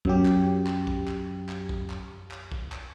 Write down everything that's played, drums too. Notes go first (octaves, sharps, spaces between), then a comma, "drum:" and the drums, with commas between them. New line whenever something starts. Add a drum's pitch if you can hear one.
F#2 F#3 G4, drum: kick
drum: clap
drum: clap
drum: kick
drum: clap
drum: clap
drum: kick
drum: clap
drum: clap
drum: kick
drum: clap